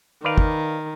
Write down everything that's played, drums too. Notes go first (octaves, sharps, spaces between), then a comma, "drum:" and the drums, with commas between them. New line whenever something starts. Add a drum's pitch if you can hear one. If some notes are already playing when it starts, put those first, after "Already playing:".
D#3 B4 D5 F5
drum: kick